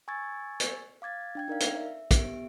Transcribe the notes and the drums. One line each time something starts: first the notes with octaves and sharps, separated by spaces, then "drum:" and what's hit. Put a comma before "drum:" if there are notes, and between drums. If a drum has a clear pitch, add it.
G#5 C#6 E6 G#6 A6
drum: hi-hat
F5 D6 G#6 A6
D4 G5 G#6
D#4 A#4 D5 F5
drum: hi-hat
E5
B3 G4 E5 D7, drum: kick, hi-hat